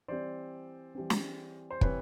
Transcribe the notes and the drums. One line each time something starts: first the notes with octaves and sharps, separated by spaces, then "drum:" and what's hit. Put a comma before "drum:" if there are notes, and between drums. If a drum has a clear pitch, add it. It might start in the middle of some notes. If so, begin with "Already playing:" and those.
E3 G3 C4 C5 D5
E3 G3 C4
drum: snare
C5
E3 G3 C4 B4 C#5, drum: kick